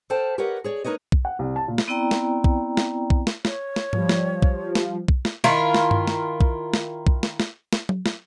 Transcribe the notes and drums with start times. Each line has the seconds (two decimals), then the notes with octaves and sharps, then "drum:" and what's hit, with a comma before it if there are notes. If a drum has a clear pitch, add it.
0.10 A4 C5 D5 F5 G5 A5
0.38 G4 A#4 B4 C#5 D#5 F#5
0.64 G#4 C#5 D5
0.84 A#3 D#4 B4 C#5 D#5
1.12 drum: kick B1
1.25 F#5
1.39 C2
1.56 A5
1.68 A#2
1.78 drum: snare
1.88 B3 C4 E4 D5 G5 A#5
2.11 drum: snare
2.44 drum: kick B1
2.77 drum: snare
3.10 drum: kick B1
3.27 drum: snare
3.45 C#5, drum: snare
3.76 drum: snare
3.93 F3 G3, drum: tom G#2
4.09 drum: snare
4.42 drum: kick B1
4.75 drum: snare
5.08 drum: kick B1
5.25 drum: snare
5.44 D#3 E4 F4 A#4, drum: snare
5.74 drum: snare
5.91 drum: tom G2
6.08 drum: snare
6.41 drum: kick B1
6.74 drum: snare
7.07 drum: kick B1
7.23 drum: snare
7.40 drum: snare
7.73 drum: snare
7.89 drum: tom F#3
8.06 drum: snare